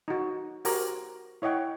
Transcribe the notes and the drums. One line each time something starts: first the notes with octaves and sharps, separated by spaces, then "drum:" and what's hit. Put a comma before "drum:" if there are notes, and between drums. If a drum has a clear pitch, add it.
D#4 F#4
F#4 G4 A#4 C5 A#5 D6, drum: open hi-hat
E4 C#5 D#5 F#5 G5